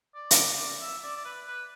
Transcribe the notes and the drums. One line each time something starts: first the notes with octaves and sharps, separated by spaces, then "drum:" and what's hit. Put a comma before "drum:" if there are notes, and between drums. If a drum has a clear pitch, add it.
D5
drum: hi-hat
D5
E5
D5
D5
B4
B4